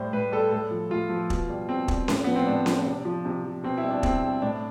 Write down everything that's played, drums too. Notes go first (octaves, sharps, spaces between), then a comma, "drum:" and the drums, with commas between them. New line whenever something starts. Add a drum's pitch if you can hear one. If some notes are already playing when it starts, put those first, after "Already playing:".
Already playing: A2 G3 C5
A2 B4
G3 A4
A2 A4
F3
A2 F4
F3
B2, drum: kick
G3
B2 C4
G3, drum: kick
A2, drum: snare C#4
F3 B3
C4
A2 D4
F3, drum: snare C#4
C3
F3
C3
F3
B2 C4
E4
G3
D4
B2 C4, drum: kick
G3
A2 D4